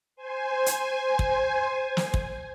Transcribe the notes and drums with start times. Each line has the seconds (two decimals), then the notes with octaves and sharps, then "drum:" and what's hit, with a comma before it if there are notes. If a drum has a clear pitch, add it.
0.16 C5 G#5
0.66 drum: hi-hat
1.19 drum: kick
1.97 drum: snare
2.14 drum: kick